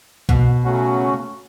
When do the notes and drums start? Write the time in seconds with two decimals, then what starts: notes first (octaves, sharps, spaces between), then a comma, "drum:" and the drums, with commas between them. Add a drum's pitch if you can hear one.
0.29 B2, drum: kick B1
0.64 C#3 F#3 A3 C#4 F#4